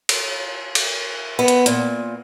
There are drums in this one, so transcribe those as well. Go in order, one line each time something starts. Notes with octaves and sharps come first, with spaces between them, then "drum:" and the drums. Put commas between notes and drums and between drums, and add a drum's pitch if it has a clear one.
drum: cymbal
drum: cymbal
B3
drum: hi-hat
A#2, drum: hi-hat